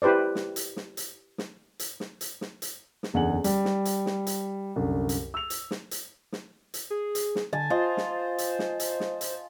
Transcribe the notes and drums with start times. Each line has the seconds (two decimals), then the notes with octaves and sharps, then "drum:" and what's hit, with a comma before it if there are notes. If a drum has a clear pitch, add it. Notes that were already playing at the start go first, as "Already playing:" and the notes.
0.02 E4 G4 B4 C5 D5
0.35 drum: snare
0.56 drum: hi-hat
0.77 drum: snare
0.97 drum: hi-hat
1.38 drum: snare
1.79 drum: hi-hat
2.00 drum: snare
2.21 drum: hi-hat
2.41 drum: snare
2.62 drum: hi-hat
3.03 drum: snare
3.14 F#1 E2 D3 F#5 G#5 F#7
3.44 G3, drum: hi-hat
3.65 drum: snare
3.85 drum: hi-hat
4.06 drum: snare
4.27 drum: hi-hat
4.76 C2 F#2 D3
5.09 drum: hi-hat
5.34 E6 F7
5.50 drum: hi-hat
5.71 drum: snare
5.91 drum: hi-hat
6.32 drum: snare
6.74 drum: hi-hat
6.90 G#4
7.15 drum: hi-hat
7.35 drum: snare
7.53 D3 G#5 A5
7.70 F4 C5 D#5
7.97 drum: snare
8.38 drum: hi-hat
8.59 drum: snare
8.80 drum: hi-hat
9.00 drum: snare
9.21 drum: hi-hat